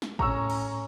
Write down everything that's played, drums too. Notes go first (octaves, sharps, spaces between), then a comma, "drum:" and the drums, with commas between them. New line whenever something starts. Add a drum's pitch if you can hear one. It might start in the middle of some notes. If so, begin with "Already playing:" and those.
drum: snare
A2 C#4 A#5 C#6 E6, drum: kick
drum: cymbal